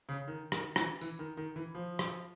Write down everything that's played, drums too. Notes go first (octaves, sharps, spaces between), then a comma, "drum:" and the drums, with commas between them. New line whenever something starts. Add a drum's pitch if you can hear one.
C#3
D#3
D#3, drum: rim click
E3, drum: rim click
E3, drum: tambourine
D#3
D#3
E3
F3
drum: rim click